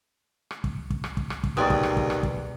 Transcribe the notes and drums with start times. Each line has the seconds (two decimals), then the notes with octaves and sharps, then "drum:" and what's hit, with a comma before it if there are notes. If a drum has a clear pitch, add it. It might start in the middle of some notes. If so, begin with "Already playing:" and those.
0.51 drum: rim click
0.64 drum: kick
0.90 drum: kick
1.04 drum: rim click
1.17 drum: kick
1.30 drum: rim click
1.44 drum: kick
1.57 D#2 B2 G#4 D5 G5 C6 D#6
1.70 drum: kick
1.83 drum: rim click
1.97 drum: kick
2.10 drum: rim click
2.23 drum: kick